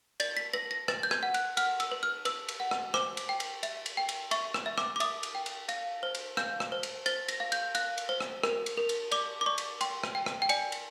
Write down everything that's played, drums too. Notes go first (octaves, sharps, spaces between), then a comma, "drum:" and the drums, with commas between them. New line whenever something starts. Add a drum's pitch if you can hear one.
D5 A6, drum: cymbal
B6
B4 A#6
A#6
B4 A6, drum: rim click
G6
G#6, drum: rim click
F#5
F#6, drum: cymbal
F#5 F6, drum: cymbal
E6, drum: cymbal
B4
F6
B4 E6, drum: cymbal
drum: cymbal
F#5
drum: rim click
C5 D6, drum: rim click
drum: cymbal
G5
drum: cymbal
E5, drum: cymbal
drum: cymbal
G5
drum: cymbal
E5 C#6, drum: cymbal
drum: rim click
E5
D6, drum: rim click
D6
E5 D#6, drum: cymbal
drum: cymbal
G5
drum: cymbal
F5, drum: cymbal
C5
drum: cymbal
F5 G6, drum: rim click
drum: rim click
C5
drum: cymbal
C5 A6, drum: cymbal
A#6, drum: cymbal
F5
G6, drum: cymbal
F5 F#6, drum: cymbal
drum: cymbal
C5
drum: rim click
A#4, drum: rim click
drum: cymbal
A#4
drum: cymbal
D5 D6, drum: cymbal
D6
D5 C#6
drum: cymbal
G5 C6, drum: cymbal
drum: rim click
G5
drum: rim click
G5
D5 G#5, drum: cymbal
drum: cymbal